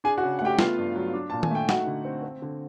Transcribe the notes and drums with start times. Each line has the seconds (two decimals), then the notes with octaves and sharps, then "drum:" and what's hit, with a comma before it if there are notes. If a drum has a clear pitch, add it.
0.04 D4 G#4 G#5
0.18 F#4 F#5
0.23 C#3
0.39 F#5
0.42 A3 G4 G5
0.59 B3 F4 F5, drum: snare
0.78 G2
0.95 F#3
1.13 D4
1.30 A#2 A5
1.43 G#5, drum: tom D#3
1.51 A3 G5
1.69 D#4 F#4 F#5, drum: snare
1.87 D3
2.05 C4
2.23 C4
2.42 D3